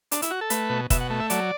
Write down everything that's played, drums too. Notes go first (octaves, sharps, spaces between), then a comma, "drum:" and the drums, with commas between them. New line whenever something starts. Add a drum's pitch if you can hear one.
D4, drum: hi-hat
E4, drum: hi-hat
F#4
A4
A3 B4, drum: hi-hat
B2
B2 E5, drum: kick, hi-hat
F#5
A3
E5
F#3 D5, drum: hi-hat